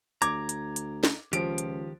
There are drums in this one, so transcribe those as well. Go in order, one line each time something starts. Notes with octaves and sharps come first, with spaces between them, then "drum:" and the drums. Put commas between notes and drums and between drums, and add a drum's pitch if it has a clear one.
D2 A#5 D6 G#6, drum: hi-hat
drum: hi-hat
drum: hi-hat
drum: snare
C#2 D#3 F3 G4 D7, drum: hi-hat
drum: hi-hat